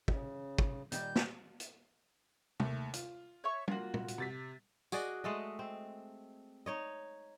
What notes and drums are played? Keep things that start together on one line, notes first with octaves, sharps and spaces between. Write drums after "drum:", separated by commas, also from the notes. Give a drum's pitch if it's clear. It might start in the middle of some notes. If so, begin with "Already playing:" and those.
C#3, drum: kick
drum: kick
A#2 D#3 G3 G6, drum: hi-hat
drum: snare
drum: hi-hat
D#2 A3, drum: tom
F4, drum: hi-hat
C#5 E5 C#6
A#3 F4 F#4, drum: tom
drum: tom
drum: hi-hat
C3 A6 B6
F#4 G#4 D5 D#5, drum: tambourine
G#3 A3 A4 D#5
C4
D#4 C#5 D#5